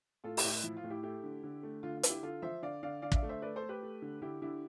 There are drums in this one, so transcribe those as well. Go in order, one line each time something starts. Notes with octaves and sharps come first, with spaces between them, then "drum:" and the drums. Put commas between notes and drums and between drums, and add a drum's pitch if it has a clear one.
A2 F4 A4
E4 G4, drum: open hi-hat
A2
E4
F3 E4
F4
A2
E4 G4
A3 E4 G4
D3
D3
A3
D3 F4
F4
D3, drum: hi-hat
E4 G4
D3 F4 A4
F3 C5 E5
D3 D5 F5
D3 D5 F5
D3 D5 F5
E5, drum: kick
D5 F5
A3
C5 E5
A3 B4 D5
A4 C5
A3
G4 B4
A3
D3
D3 E4 G4
D3 E4 G4